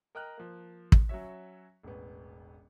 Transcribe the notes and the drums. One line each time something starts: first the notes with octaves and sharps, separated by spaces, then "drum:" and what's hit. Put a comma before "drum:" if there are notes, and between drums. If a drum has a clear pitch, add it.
A#4 D#5 G5 A#5 F6 F#6
F3 A#3
drum: kick
F#3 C#4 F#4 C#5 E5
E1 A1 B3